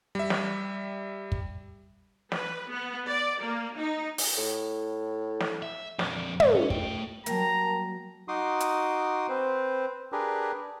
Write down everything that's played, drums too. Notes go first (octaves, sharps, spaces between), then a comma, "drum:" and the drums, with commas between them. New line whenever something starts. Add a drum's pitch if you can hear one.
G3 E5
drum: snare
drum: kick
B4, drum: snare
B3
D5
A#3
D#4
drum: open hi-hat
A2
drum: snare
E5
F2 D4, drum: snare
G#2, drum: tom
C#4
A3 G5, drum: kick
F#3 G3 A#3 A#4 G5 A5 A#5, drum: hi-hat
D#4 F#4 C6 D6 D#6
drum: hi-hat
C4 B4 C5
D4 G4 G#4 A#4 B4